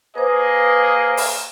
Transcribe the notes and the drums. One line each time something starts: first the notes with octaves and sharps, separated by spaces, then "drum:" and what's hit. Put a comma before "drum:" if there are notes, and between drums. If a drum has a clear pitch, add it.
A#3 G#4 B4 C5 D#5
drum: open hi-hat